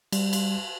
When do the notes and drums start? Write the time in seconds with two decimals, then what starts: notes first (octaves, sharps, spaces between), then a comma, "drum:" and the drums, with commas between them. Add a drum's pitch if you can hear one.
0.12 G3, drum: cymbal
0.33 drum: cymbal